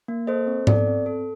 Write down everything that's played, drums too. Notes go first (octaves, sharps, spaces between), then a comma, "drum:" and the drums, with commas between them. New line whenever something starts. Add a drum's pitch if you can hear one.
A#3
A4 C5 D#5
C4
A4 D5, drum: tom G#2
C4
A4